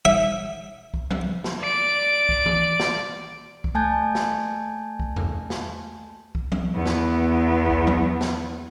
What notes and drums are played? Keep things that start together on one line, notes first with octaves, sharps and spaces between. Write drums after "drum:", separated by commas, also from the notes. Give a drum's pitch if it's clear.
E5
drum: kick C2
drum: tom F3
drum: snare
D5 D7
drum: kick C2
drum: tom E3
drum: snare
drum: kick C2
A3 G#5 A5 G6 G#6
drum: snare
drum: kick C2
drum: tom E2
drum: snare
drum: kick C2
drum: tom F3
E2 B3
drum: snare
drum: kick C2
drum: tom F3
drum: snare